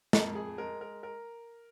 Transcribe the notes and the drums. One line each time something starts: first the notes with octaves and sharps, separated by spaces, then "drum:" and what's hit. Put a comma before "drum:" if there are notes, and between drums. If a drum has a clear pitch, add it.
F2 A#4, drum: snare
G#4
G#3 A#4
A#4
A#4